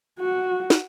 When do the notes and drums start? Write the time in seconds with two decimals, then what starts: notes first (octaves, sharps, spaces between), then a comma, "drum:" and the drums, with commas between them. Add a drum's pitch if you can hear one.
0.19 F#4
0.70 drum: snare